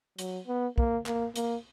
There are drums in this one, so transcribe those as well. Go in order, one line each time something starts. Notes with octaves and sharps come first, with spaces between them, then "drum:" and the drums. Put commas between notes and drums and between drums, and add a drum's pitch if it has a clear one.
F#3, drum: hi-hat
B3
A#3, drum: kick
A#3, drum: clap
A#3, drum: hi-hat